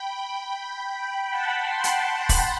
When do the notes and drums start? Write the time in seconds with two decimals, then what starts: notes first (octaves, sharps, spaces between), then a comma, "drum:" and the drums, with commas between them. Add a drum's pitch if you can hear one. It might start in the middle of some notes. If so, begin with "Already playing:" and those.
Already playing: G5 B5
0.70 G5 B5
1.00 G5 B5
1.30 F#5 A5
1.61 A5 C6
1.84 drum: hi-hat
2.06 A5 C6
2.29 drum: kick, open hi-hat